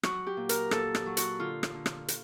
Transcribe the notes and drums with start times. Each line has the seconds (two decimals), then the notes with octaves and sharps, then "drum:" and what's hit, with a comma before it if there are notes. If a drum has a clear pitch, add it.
0.03 F#3 F#4, drum: rim click
0.27 G4
0.37 A#2
0.49 A#4, drum: hi-hat
0.71 A#2 A4, drum: rim click
0.95 drum: rim click
1.06 F#3
1.17 F#4, drum: hi-hat
1.40 D3 F4
1.63 drum: rim click
1.74 D3
1.86 drum: rim click
2.08 drum: hi-hat